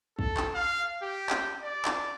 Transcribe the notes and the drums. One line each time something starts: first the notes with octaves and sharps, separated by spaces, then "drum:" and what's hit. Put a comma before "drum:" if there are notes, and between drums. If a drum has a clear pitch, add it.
A4, drum: kick
drum: clap
F5
G4
drum: clap
D5
drum: clap